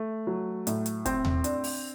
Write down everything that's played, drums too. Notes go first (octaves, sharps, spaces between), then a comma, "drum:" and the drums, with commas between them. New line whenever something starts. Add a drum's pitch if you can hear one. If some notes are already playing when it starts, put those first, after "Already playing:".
Already playing: A3
F#3
A2, drum: hi-hat
drum: hi-hat
C4, drum: kick, hi-hat
drum: tom D#2
D4, drum: hi-hat
drum: open hi-hat